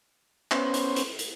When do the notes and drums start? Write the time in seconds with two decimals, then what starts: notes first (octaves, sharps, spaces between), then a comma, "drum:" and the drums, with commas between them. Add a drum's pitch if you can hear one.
0.51 B3 C#4 C5, drum: clap
0.74 drum: hi-hat
0.96 drum: hi-hat
1.19 drum: hi-hat